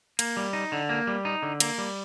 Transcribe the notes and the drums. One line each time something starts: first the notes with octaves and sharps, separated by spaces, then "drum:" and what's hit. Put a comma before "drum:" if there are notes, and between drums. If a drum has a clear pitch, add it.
A#3, drum: cymbal
G3
D#4
D3
A#3
G3
D#4
D3
A#3, drum: cymbal
G3